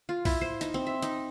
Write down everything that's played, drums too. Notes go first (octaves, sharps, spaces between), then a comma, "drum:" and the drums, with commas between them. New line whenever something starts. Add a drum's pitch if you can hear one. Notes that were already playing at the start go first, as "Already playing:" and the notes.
F4
E4, drum: kick B1, open hi-hat
C5
D#4, drum: hi-hat
C4
E5
D#4, drum: hi-hat